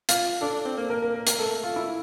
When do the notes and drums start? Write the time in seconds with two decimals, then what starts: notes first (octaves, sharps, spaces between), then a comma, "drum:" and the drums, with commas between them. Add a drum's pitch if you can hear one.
0.09 F4, drum: hi-hat
0.41 D4 A4
0.54 D4
0.65 C4
0.77 A#3
0.90 A#3 A#4
1.02 A#4
1.14 A#4
1.27 A#4, drum: hi-hat
1.39 A3 A4
1.64 F4
1.76 E4